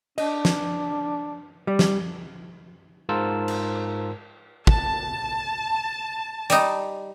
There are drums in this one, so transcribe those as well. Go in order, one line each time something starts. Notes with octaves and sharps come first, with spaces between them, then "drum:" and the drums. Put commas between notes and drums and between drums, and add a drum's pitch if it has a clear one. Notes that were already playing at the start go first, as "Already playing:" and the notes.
D4 D#5, drum: cymbal
drum: snare
G3 D5
drum: snare
G#2 F4 A#4 C5 A5 E6
drum: cymbal
A5, drum: kick
G3 D#4, drum: hi-hat